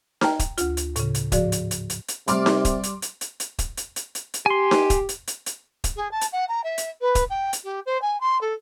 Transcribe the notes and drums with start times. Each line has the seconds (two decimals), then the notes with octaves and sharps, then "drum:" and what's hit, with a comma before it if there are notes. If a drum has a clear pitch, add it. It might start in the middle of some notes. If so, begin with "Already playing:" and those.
0.21 G5 A5 A#5 F6, drum: snare D#4
0.39 drum: kick D#1, hi-hat
0.58 D2 F4, drum: hi-hat
0.77 drum: hi-hat
0.96 A2 C#3, drum: hi-hat
1.15 drum: hi-hat
1.32 G#2 F3 F#4 D5, drum: kick D#1, hi-hat
1.52 drum: hi-hat
1.71 drum: hi-hat
1.90 drum: hi-hat
2.08 drum: hi-hat
2.28 C3 G3 D5 C6 D6 F6, drum: hi-hat
2.46 drum: snare D#4
2.65 drum: kick D#1, hi-hat
2.83 drum: hi-hat
3.02 drum: hi-hat
3.21 drum: hi-hat
3.40 drum: hi-hat
3.59 drum: kick D#1, hi-hat
3.77 drum: hi-hat
3.96 drum: hi-hat
4.15 drum: hi-hat
4.34 drum: hi-hat
4.46 G4 G#5 C6
4.71 drum: snare D#4
4.90 drum: kick D#1, hi-hat
5.09 drum: hi-hat
5.27 drum: hi-hat
5.46 drum: hi-hat
5.84 drum: kick D#1, hi-hat
5.96 G#4
6.11 A5
6.21 drum: hi-hat
6.32 F#5
6.48 A#5
6.64 E5
6.78 drum: hi-hat
7.01 B4
7.15 drum: kick D#1, hi-hat
7.30 G5
7.53 drum: hi-hat
7.64 G4
7.86 C5
8.02 G#5
8.20 C6
8.41 A4